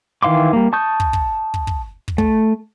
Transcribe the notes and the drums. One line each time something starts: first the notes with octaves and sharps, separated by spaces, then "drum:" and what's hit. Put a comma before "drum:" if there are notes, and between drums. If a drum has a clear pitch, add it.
D#3 E3 F5 C6 D6
G3 A#3
A5 C#6 D#6 G6
drum: kick
drum: kick
drum: kick
drum: kick
drum: kick
A3, drum: kick